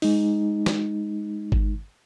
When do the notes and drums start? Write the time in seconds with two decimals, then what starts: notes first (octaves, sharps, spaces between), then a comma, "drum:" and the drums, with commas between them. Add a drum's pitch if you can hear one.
0.02 G#3 D#4, drum: open hi-hat
0.66 drum: snare
1.52 drum: kick G#1